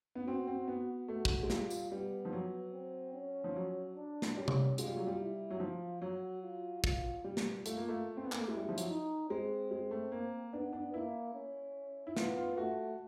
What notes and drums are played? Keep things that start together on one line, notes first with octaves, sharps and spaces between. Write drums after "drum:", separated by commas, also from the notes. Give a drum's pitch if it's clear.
B3
C4 F#4
C4
B3
A3 F#4
drum: kick
G#3
G3 F4, drum: snare
drum: tambourine
G3 B3
F3
F#3
C4
C#4
F3
F#3
D4
drum: snare
G3 C#4
drum: tom C3
G#3 F4, drum: hi-hat
G3
F#3
G3
E4
F#3
F3 F4
F#3 F#4
F4
F4, drum: kick
G3
drum: snare
A3 F4, drum: hi-hat
A#3
A3
C4
B3
A#3, drum: clap
A3
G#3 E4
G3
F3
F#3, drum: hi-hat
D#4
G#3 C4
G#3
A3
A#3
B3 D4
D4
A#3 E4
C#4
E4
B3 F4, drum: snare
F4
A3 F#4